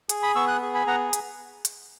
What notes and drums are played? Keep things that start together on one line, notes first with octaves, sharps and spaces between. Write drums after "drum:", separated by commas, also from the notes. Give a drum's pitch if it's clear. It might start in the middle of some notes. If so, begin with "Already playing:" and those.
G#4, drum: hi-hat
B5 D#6
B3 C#6 E6
D#6 F#6
G#4
G#5 B5
B3 F#5 A#5
drum: hi-hat
drum: hi-hat